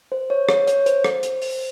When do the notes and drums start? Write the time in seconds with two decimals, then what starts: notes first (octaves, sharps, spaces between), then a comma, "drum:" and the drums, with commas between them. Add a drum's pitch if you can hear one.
0.12 C5
0.30 C#5
0.49 C#5, drum: rim click
0.67 C#5, drum: hi-hat
0.86 C5, drum: hi-hat
1.04 drum: rim click
1.23 drum: hi-hat
1.42 drum: open hi-hat